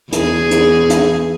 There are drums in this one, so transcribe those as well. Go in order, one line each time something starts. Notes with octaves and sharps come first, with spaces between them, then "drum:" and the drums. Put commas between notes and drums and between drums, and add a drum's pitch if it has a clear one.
E2 G#4, drum: hi-hat
drum: hi-hat
drum: hi-hat